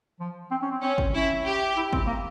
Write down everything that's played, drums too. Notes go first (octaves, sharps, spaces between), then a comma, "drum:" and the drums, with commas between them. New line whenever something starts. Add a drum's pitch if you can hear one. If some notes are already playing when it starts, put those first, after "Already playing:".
F3
C4
C#4
C4
C4 C#4
drum: kick
C#4 E4
G4
E4
C4, drum: kick
A#3